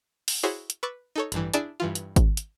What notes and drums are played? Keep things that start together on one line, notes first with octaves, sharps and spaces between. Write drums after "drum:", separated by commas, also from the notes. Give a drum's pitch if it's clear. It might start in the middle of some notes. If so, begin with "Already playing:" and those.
drum: open hi-hat
E4 F#4 G#4 C5 C#5
drum: hi-hat
B4 C#6 D6 E6 A6
D#4 A4 C#5
A1 G2 E3, drum: hi-hat
D4 E4 G#4 D5 G#5 A5, drum: hi-hat
G2 E3 F4
drum: hi-hat
drum: kick G#1, hi-hat
drum: hi-hat